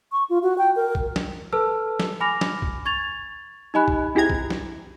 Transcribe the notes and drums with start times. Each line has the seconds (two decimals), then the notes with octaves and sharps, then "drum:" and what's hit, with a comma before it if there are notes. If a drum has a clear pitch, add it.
0.12 C#6
0.30 F4
0.43 F#4
0.58 G5
0.76 A#4
0.95 drum: kick B1
1.16 drum: snare
1.53 A4 B4 A5 E6 F6
2.00 drum: snare
2.20 G#5 B5 D6 F6 A#6 F7
2.41 drum: snare
2.62 drum: kick B1
2.85 C#6 G#6 A6 F7
3.74 D#4 G4 D#5 G#5 B5 F#6
3.88 drum: kick B1
4.15 C4 E4 G4 G#4 A#5 G#6
4.30 drum: kick B1
4.50 drum: snare